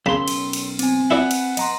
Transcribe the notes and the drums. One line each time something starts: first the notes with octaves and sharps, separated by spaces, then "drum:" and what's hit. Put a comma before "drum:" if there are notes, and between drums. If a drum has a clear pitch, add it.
B1 C#3 C#4 A#4 A5 B5 C6
drum: cymbal
drum: cymbal
C4 G#5, drum: cymbal
E4 A4 B4 D5 F#5
drum: cymbal
D#5 A#5 C6, drum: cymbal